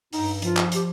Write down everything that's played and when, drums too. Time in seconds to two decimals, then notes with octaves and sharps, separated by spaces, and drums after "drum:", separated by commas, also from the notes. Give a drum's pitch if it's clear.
0.13 G2 D#4, drum: open hi-hat
0.42 F3 F4, drum: hi-hat
0.57 drum: clap
0.72 G4, drum: hi-hat